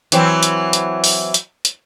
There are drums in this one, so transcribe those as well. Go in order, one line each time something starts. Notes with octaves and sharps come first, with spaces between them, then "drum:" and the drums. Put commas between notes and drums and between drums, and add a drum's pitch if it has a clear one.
E3 F#3 C4, drum: hi-hat
drum: hi-hat
drum: hi-hat
drum: open hi-hat
drum: hi-hat
drum: hi-hat